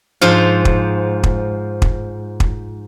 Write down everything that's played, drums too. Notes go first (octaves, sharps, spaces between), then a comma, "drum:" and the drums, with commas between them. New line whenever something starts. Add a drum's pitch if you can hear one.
G#2 F3 F4
drum: kick
drum: kick
drum: kick
drum: kick